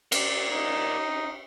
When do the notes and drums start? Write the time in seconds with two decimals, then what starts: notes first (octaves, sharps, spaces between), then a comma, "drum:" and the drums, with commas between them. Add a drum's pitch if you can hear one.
0.12 A#4 D5, drum: cymbal
0.52 D#4